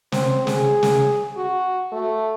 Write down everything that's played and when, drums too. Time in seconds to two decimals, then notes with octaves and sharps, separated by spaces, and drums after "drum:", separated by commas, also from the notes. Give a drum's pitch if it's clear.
0.12 C4, drum: snare
0.47 G#4, drum: snare
0.83 drum: snare
1.37 F#4
1.92 A3